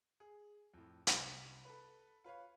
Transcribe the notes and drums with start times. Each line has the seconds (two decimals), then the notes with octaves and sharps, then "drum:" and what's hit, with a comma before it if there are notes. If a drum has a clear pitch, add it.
0.20 G#4
0.74 F2 A2
1.07 C2, drum: hi-hat
1.65 A4 B4
2.24 F4 B4 C#5 F5